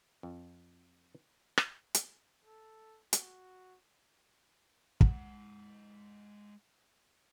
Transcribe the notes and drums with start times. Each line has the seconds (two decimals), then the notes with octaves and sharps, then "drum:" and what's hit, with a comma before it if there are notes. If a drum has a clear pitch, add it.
0.23 F2
1.58 drum: rim click
1.95 drum: hi-hat
2.45 A4
3.13 F#4, drum: hi-hat
5.01 G#3 F#5, drum: kick